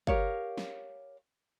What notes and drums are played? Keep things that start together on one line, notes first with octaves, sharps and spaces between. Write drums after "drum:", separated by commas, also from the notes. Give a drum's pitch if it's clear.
G4 A#4 C#5 F5, drum: kick
drum: snare